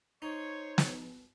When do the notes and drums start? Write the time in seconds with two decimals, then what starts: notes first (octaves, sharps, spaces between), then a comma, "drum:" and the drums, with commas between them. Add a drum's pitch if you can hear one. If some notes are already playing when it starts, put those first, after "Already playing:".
0.22 D#4 C5 C#5
0.78 drum: snare